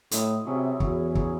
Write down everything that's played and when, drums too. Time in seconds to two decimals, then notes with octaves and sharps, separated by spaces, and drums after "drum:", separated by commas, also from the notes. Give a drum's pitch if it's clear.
0.11 A2 E4 C5 D#5, drum: hi-hat
0.46 C3 F#3 C#4 E4 G#4
0.80 E2 F#3 C#4 E4 G#4, drum: kick
1.15 F#3 C#4 E4 G#4, drum: kick